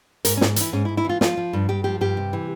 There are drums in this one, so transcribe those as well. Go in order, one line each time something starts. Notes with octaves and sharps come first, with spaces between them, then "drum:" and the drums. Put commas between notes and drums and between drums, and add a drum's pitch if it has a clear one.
G#2 A#4, drum: hi-hat
C#4
G#2, drum: snare
E3 E4, drum: hi-hat
G#2 C#4
E4
G#2
E4
E3 F4
F3 F4, drum: snare
F3
G2
G2 G4
F3 G4
G2 G4
C3
E3